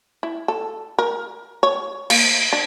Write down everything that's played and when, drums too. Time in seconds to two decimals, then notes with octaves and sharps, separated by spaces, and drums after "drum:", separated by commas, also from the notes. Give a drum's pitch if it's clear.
0.23 E4
0.48 A4
0.99 A#4
1.63 C#5
2.10 A#3, drum: cymbal
2.53 D4